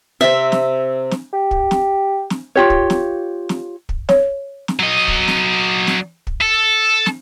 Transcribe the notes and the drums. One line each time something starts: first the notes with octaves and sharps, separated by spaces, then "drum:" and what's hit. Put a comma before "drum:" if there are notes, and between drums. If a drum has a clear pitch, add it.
C3 C4 E5
drum: snare
drum: snare
G4
drum: kick
drum: snare
drum: snare
F4 G4 C#5
drum: kick
drum: snare
drum: snare
drum: kick
C#5, drum: snare
drum: snare
F#3 D#5
drum: kick
drum: snare
drum: snare
drum: kick
A4
drum: snare